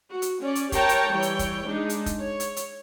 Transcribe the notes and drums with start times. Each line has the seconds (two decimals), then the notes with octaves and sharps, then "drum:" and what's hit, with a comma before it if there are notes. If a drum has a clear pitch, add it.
0.10 F#4
0.22 drum: hi-hat
0.43 C#4 D5
0.55 drum: hi-hat
0.72 G4 A#4 C#5 G5 A5 A#5, drum: kick, hi-hat
0.89 drum: hi-hat
1.10 E3 G3 C#5 G5
1.22 drum: hi-hat
1.39 drum: kick, hi-hat
1.65 G#3 D4 D#4
1.89 drum: hi-hat
2.06 drum: kick, hi-hat
2.20 C#5
2.40 drum: hi-hat
2.56 drum: hi-hat